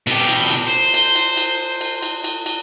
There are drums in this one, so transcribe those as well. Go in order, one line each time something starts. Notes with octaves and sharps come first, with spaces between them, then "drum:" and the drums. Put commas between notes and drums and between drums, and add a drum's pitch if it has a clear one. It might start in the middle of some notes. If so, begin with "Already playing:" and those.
B2 G4, drum: cymbal
drum: cymbal
drum: cymbal
C5
drum: cymbal
drum: cymbal
drum: cymbal
drum: cymbal
drum: cymbal
drum: cymbal
drum: cymbal